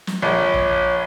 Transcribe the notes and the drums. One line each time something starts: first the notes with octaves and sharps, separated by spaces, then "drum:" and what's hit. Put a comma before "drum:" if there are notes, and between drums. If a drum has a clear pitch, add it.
drum: snare
A#1 C#5
drum: kick